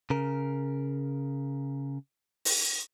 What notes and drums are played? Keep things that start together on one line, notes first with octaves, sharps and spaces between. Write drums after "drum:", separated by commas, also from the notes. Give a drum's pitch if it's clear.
C#3 A#4
drum: open hi-hat